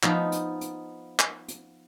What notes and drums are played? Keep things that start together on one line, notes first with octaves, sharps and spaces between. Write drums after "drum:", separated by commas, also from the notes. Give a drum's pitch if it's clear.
F3 B3 D#4, drum: clap
drum: hi-hat
drum: hi-hat
drum: clap
drum: hi-hat